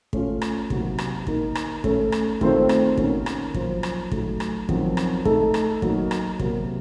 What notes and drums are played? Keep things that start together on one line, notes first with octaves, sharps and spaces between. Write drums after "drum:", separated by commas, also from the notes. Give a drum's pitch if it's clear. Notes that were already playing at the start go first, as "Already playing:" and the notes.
A3 C#4 F4, drum: kick
drum: rim click
C3 F#3 A#3 D#4 F#4, drum: kick
drum: rim click
D#3 A#3 D#4 A#4, drum: kick
drum: rim click
A3 C#4 A4, drum: kick
drum: rim click
D#3 A3 C4 F4 C5, drum: kick
drum: rim click
D#3 A#3 C#4 F#4, drum: kick
drum: rim click
F#2 F3 A#3 F4 C5, drum: kick
drum: rim click
F#3 A3 D#4, drum: kick
drum: rim click
F#2 F3 C4 D#4 F#4, drum: kick
drum: rim click
A3 D#4 A4, drum: kick
drum: rim click
F#3 A#3 D#4 A#4, drum: kick
drum: rim click
C3 F#3 A#3, drum: kick